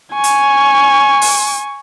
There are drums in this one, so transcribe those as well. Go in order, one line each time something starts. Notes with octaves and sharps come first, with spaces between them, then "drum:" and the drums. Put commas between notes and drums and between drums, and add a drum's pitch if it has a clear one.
G#5 C#6
drum: hi-hat
drum: open hi-hat